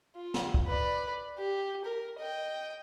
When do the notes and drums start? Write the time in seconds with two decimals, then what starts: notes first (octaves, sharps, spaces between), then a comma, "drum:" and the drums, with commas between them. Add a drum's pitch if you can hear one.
0.16 F4
0.34 drum: snare
0.54 drum: kick
0.66 B4 D5
1.38 G4
1.85 A#4
2.19 D#5 G5